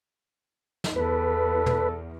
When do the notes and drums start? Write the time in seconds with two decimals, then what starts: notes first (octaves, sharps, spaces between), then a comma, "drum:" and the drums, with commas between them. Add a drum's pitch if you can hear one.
0.84 drum: snare
0.96 E2 A4 B4
1.66 drum: tom